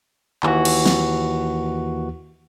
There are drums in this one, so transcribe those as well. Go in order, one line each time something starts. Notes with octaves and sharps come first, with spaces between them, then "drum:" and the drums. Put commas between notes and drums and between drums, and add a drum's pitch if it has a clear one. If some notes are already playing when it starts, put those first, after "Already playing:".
D#2 E3 F#4, drum: clap
drum: cymbal
drum: snare